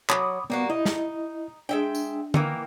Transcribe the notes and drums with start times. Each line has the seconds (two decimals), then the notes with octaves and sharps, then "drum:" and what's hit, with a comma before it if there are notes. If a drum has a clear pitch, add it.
0.10 F#3 B5 D6 D#6, drum: clap
0.50 G3 A#3 B3 F#4
0.70 D#4 E4 D#5
0.86 drum: snare
1.69 G#3 D4 E5 G5
1.95 drum: tambourine
2.34 D#3 E3 A#3, drum: tom